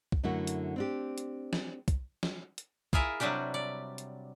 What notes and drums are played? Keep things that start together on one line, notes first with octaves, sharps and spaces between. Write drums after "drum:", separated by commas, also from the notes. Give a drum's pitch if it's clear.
drum: kick
F#2 D3 A3 E4 F#4 A#4
drum: hi-hat
C4 D4 G4
drum: hi-hat
drum: snare
drum: kick, hi-hat
drum: snare
drum: hi-hat
E4 F4 G#4 A#4 E5, drum: kick
C3 F#3 G3 D4 G4
D5
drum: hi-hat